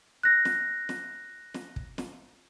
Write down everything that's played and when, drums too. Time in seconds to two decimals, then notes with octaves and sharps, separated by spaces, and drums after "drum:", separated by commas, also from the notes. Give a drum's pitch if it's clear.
0.23 F#6 A#6
0.45 drum: snare
0.89 drum: snare
1.54 drum: snare
1.76 drum: kick
1.98 drum: snare